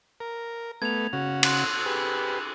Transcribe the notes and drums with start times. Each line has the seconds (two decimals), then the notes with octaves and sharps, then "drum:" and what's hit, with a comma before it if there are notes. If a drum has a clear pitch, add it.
0.20 A#4
0.82 A3 B3 G#6 F7
1.13 C#3 F#4
1.43 C6 F#6 F#7, drum: cymbal
1.86 G4 G#4 B4